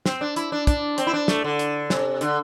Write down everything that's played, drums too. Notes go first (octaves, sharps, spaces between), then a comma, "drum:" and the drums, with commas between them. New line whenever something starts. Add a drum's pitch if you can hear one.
C4, drum: snare
D4
E4, drum: hi-hat
D4
D4, drum: kick, hi-hat
C4, drum: hi-hat
E4
D4
A3, drum: snare
D3
drum: hi-hat
C3, drum: snare
D3, drum: hi-hat